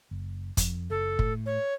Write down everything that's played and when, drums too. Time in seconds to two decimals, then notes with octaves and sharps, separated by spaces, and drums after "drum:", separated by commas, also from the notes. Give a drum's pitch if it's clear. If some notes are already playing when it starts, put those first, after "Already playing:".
0.11 F#1
0.57 F2, drum: kick, hi-hat
0.90 F#1 A4
1.19 A2, drum: kick
1.46 C#5